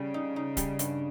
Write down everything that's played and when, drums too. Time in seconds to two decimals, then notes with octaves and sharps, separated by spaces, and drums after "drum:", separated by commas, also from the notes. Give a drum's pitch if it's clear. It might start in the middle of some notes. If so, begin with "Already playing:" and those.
Already playing: C#3 G3
0.14 D#4
0.36 D#4
0.57 G3, drum: kick C#1, hi-hat
0.79 G2, drum: hi-hat